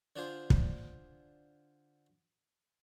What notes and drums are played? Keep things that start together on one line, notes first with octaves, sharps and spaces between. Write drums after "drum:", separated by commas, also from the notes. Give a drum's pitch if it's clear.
D3 D4 F4 G#4 C5
drum: kick